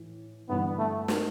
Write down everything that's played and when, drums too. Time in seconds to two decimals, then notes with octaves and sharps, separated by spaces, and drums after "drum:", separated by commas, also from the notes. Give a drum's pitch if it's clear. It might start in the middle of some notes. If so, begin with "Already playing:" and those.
Already playing: A2 E3
0.49 G1 G2 E3 B3
0.78 A3
1.08 drum: snare